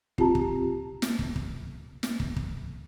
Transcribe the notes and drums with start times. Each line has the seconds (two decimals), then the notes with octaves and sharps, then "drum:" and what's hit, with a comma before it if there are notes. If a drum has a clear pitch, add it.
0.18 C4 F4 G4 A5 A#5, drum: kick
0.35 drum: kick
1.02 drum: snare
1.19 drum: kick
1.36 drum: kick
2.03 drum: snare
2.20 drum: kick
2.36 drum: kick